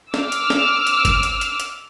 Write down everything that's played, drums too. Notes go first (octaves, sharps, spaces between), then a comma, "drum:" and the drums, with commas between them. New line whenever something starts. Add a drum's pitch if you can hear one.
D6 E6 F6, drum: snare
drum: hi-hat
drum: snare
drum: hi-hat
drum: kick G1, hi-hat
drum: hi-hat
drum: hi-hat
drum: hi-hat